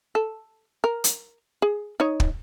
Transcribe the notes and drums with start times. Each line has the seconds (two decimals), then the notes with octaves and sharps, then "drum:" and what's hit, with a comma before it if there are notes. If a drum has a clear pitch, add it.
0.15 A4
0.84 A#4
1.04 drum: hi-hat
1.62 G#4
2.00 D#4 C#5 D#5
2.20 drum: kick